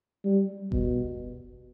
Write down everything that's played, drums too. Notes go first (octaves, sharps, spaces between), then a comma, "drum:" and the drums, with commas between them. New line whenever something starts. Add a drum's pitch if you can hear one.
G3
B2, drum: kick F#1